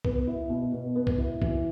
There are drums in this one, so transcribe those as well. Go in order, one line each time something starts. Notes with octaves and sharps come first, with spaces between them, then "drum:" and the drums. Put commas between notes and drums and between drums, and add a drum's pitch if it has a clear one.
B3, drum: kick C2
E4
B2
B2
B3
drum: kick C2
E4
E3, drum: kick C2